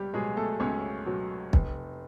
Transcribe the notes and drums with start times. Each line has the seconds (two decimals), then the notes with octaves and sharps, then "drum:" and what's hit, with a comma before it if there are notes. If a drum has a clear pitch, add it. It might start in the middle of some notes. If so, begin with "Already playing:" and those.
Already playing: C#2 G3 G4
0.14 B2 F#3 G#3 G#4
0.37 A3 A4
0.60 C#2 C#4 C#5
1.06 B2 F#3
1.53 F1, drum: kick